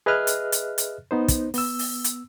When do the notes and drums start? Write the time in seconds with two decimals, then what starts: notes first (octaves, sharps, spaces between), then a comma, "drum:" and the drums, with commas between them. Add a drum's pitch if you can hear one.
0.06 G#4 B4 D#5 E5 F6 F#6
0.27 drum: hi-hat
0.52 drum: hi-hat
0.78 drum: hi-hat
1.11 B3 D#4 C5
1.28 drum: kick, hi-hat
1.54 B3 E6, drum: open hi-hat
1.79 drum: open hi-hat
2.04 drum: hi-hat